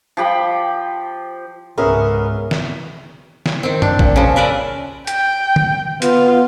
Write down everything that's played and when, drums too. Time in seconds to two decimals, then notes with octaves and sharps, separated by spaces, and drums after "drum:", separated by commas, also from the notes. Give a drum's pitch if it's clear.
0.17 F3 G4 G5 B5
1.77 C#2 G#2 B3 C#4 G#4 A#4 E5
2.51 drum: snare
3.46 drum: snare
3.63 D#3 C4
3.82 D4, drum: tom F#2
3.99 A#2, drum: kick A#1
4.16 C#3 F3
4.36 A#4 B4 D5 E5
5.07 G5, drum: hi-hat
5.56 drum: tom
6.02 B3 F4, drum: hi-hat